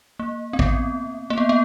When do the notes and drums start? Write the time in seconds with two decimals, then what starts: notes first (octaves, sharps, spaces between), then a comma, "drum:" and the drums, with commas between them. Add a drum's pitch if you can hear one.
0.19 A#3
0.53 C4
0.59 B3, drum: kick
1.30 A#3
1.38 B3
1.49 B3